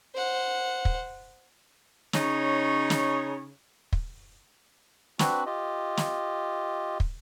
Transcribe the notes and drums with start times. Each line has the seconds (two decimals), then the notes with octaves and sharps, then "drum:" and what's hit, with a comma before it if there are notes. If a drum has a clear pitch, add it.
0.15 C5 F#5
0.85 drum: kick
2.13 C#3 D#4 C#5, drum: snare
2.90 drum: snare
3.93 drum: kick
5.19 C4 D4 F#4 B4, drum: snare
5.46 F4 G4 D#5
5.97 drum: snare
7.00 drum: kick